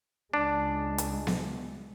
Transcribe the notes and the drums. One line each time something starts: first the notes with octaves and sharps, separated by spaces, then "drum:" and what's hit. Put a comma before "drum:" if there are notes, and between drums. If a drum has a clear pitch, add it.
C#2 G#3 D4
drum: hi-hat
drum: snare B3